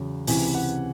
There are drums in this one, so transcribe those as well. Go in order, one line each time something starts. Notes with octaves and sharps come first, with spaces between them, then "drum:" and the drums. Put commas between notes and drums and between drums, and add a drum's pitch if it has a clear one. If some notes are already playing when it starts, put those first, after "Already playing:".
Already playing: E2 C#3 F#3
C#2 C3 E3 G#5, drum: open hi-hat
F#5